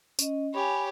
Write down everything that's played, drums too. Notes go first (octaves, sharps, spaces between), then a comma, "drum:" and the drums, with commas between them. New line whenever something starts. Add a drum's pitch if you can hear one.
C#4 D#5, drum: tambourine
G4 C#5 G#5 B5